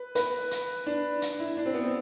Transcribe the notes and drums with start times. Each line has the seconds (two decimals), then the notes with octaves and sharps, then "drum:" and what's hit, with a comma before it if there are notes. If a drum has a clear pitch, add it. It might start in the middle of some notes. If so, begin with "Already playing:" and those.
Already playing: B4
0.15 B4, drum: hi-hat
0.51 drum: hi-hat
0.86 D4
1.22 drum: hi-hat
1.39 E4
1.57 D4
1.66 C4
1.74 B3
1.84 C4